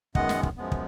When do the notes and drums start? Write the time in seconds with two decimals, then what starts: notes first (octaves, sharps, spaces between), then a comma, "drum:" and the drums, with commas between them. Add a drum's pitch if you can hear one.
0.15 F#2 D#3 G#3 B3 D#5 F#5, drum: kick
0.29 drum: snare
0.43 drum: kick
0.57 F#2 F3 G#3 B3
0.72 drum: kick